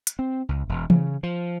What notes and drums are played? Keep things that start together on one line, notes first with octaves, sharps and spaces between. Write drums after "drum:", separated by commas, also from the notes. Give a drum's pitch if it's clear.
drum: hi-hat
C4
C#2
E1
C#3, drum: tom E3
F3